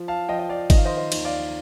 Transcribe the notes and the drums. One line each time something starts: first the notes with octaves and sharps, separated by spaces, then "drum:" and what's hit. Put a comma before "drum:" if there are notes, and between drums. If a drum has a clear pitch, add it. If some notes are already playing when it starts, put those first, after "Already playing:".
Already playing: F3
F5 A5
F3 D#5 G5
D#5
D5 F5
D#3 D#5, drum: kick G1, cymbal
F5
C5 D#5
C5 D#5
D#2, drum: cymbal
D5 F5